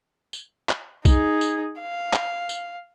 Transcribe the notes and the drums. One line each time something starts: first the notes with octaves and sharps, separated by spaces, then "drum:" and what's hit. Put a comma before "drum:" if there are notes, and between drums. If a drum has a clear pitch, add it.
drum: tambourine
drum: clap
D#4 G#4, drum: kick, tambourine
drum: tambourine
F5
drum: clap
drum: tambourine